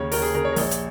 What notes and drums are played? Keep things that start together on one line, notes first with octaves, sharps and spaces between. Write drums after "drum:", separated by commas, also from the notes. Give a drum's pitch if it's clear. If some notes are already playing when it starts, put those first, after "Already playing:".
Already playing: D#2 C#3 C#5
D#2 A#4, drum: open hi-hat
G#4
C#3 A#4
C#5
A#4
A#1, drum: open hi-hat
C#5
drum: hi-hat